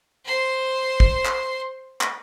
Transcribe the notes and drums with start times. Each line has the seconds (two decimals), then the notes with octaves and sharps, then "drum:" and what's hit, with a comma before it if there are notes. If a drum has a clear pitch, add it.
0.24 C5 C6
1.00 drum: kick
1.25 drum: clap
2.01 drum: clap